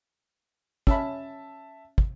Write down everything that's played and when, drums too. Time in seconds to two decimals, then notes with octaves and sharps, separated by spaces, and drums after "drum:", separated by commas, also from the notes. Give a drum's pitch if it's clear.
0.87 C#4 E5 A5 B5 E6, drum: kick
1.98 drum: kick